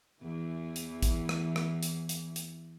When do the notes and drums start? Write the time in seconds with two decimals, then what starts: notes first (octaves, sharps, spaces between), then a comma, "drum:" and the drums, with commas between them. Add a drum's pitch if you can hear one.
0.22 E2 E3
0.76 drum: hi-hat
1.03 drum: kick, hi-hat
1.29 drum: rim click
1.56 drum: rim click
1.83 drum: hi-hat
2.09 drum: hi-hat
2.36 drum: hi-hat